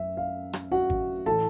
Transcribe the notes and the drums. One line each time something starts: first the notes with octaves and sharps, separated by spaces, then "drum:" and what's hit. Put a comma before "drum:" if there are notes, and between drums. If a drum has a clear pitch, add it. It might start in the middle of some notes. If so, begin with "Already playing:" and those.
Already playing: F#2 E5
F5
drum: rim click
F#4 F#5
drum: kick G#1
A2 E3 A4 A5